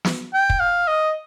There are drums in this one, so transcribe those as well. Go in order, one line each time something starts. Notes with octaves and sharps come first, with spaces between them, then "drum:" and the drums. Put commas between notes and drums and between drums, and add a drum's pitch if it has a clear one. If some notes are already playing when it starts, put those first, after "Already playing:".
drum: snare
G5
drum: kick
F5
D#5